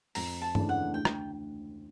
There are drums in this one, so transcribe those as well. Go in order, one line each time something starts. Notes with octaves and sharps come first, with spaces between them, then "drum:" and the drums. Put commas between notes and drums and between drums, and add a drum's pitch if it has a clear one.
F2 A#5, drum: open hi-hat
A5
C#3 E3 A3 D4, drum: tom G2
F#5
D2 G5
drum: rim click